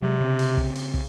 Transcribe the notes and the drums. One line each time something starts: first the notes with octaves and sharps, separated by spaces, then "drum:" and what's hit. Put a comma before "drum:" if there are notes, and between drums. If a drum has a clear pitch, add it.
C3 F#3 G#3
C#3 C4
drum: open hi-hat
drum: kick
drum: open hi-hat
drum: kick